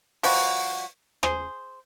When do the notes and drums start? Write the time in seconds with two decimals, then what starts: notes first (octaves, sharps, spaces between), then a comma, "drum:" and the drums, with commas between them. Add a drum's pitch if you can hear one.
0.23 F3 G3 F#4, drum: open hi-hat
1.23 G#4 C5, drum: rim click